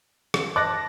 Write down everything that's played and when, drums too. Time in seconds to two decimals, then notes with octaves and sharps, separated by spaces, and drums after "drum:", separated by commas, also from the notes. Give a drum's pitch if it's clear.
0.34 drum: rim click
0.56 A5 D6 F#6 A#6